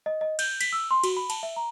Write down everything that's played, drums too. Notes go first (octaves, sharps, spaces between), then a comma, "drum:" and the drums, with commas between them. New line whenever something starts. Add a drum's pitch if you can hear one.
D#5
D#5
G6, drum: cymbal
B6, drum: cymbal
E6
C6
F#4, drum: cymbal
B5
A5, drum: cymbal
E5
A#5